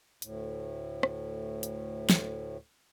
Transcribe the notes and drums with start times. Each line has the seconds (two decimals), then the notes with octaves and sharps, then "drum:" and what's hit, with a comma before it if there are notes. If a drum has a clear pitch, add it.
0.22 D2 A2, drum: hi-hat
1.03 drum: rim click
1.63 drum: hi-hat
2.10 drum: snare